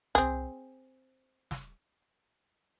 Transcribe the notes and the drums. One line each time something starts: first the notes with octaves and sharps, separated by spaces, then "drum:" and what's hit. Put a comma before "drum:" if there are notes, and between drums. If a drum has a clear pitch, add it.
C4 G#4, drum: tom C2
drum: snare